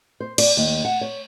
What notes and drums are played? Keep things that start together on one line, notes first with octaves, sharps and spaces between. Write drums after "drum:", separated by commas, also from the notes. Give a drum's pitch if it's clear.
C5
D5, drum: cymbal
D#2
F#5
C#5